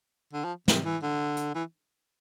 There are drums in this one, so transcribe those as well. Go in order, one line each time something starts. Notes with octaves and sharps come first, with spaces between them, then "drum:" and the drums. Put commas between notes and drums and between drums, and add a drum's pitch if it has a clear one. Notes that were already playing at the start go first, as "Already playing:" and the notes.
D3
F3
C3, drum: snare
E3
D3
drum: hi-hat
E3